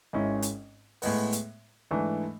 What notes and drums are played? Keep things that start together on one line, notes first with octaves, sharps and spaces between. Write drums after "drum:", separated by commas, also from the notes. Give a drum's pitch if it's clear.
G#1 G#2 G#3 C#4 E4
drum: hi-hat
A2 G#3 B3, drum: open hi-hat
drum: hi-hat
G#2 E3 A3 D4